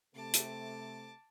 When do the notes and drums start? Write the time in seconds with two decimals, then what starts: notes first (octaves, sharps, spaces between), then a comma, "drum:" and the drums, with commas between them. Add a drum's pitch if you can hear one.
0.15 C3 A3 A5 D6
0.34 drum: hi-hat